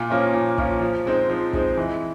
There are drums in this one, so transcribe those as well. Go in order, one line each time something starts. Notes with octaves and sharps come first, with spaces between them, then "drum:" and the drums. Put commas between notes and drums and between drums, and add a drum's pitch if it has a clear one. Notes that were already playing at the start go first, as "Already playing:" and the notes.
Already playing: A#2
F3 A#3 C#4 F4
A#2
F3 A#3 C#4 F4, drum: kick
F3
G#3 C4 D#4
F3
G#3 C4 D#4, drum: kick
E3